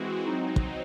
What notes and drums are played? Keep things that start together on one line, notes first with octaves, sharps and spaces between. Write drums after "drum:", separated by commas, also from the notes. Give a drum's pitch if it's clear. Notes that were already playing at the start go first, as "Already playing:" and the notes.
Already playing: E3 G#3 C4 F#4
F#3 C4 D#4
drum: kick